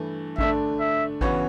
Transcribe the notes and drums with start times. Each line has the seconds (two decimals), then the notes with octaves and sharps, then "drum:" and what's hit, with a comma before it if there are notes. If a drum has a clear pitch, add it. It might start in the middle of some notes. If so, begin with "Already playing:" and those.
Already playing: G2 E3 A3
0.38 D3 A3 D4 E5, drum: kick G#1
0.80 E5
1.21 C#3 E3 B3 F#4 C#5, drum: kick G#1